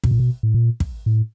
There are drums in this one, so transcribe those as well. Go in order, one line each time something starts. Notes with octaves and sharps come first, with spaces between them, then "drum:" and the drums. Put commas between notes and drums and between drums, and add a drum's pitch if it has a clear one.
B2, drum: kick
A#2
B2
A2
A#2
drum: kick
A2